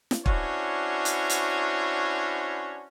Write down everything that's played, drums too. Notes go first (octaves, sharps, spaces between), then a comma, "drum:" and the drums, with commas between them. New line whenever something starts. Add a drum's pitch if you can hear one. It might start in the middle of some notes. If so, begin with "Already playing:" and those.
drum: snare
C#4 D4 E4 F#4 C5 C#5, drum: kick
drum: hi-hat
drum: hi-hat